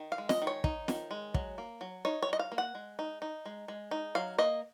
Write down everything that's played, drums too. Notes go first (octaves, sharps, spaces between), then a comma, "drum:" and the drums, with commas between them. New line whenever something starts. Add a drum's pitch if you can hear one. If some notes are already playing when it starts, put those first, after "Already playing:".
Already playing: D#3
F5
G#3
D#5, drum: snare
D#3
C#5
D#4, drum: kick
D#3, drum: snare
G#3
F#3, drum: kick
A#3
F#3
D#4 C#5
C#5
F#3 D#5
F5
A#3
F#5
G#3
D#4
D#4
G#3
G#3
D#4
F#3 F5
A#3 D#5